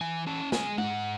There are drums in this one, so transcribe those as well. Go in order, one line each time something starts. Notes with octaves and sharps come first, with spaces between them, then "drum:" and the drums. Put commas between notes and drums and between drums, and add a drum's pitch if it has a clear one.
E3 G#5
C#4 A5
G#3 G#5, drum: snare
G#2 F#5, drum: tom G#3